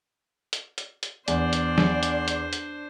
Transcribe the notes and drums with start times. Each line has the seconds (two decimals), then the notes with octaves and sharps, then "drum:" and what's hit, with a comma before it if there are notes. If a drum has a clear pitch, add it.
0.53 drum: hi-hat
0.78 drum: hi-hat
1.03 drum: hi-hat
1.28 E2 D4 C5 D5, drum: hi-hat
1.53 drum: hi-hat
1.78 drum: snare
2.03 drum: hi-hat
2.28 drum: hi-hat
2.53 drum: hi-hat